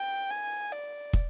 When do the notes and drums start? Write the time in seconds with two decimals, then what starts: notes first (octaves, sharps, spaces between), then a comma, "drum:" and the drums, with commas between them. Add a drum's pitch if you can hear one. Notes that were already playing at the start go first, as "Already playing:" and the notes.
Already playing: G5
0.31 G#5
0.72 D5
1.13 drum: kick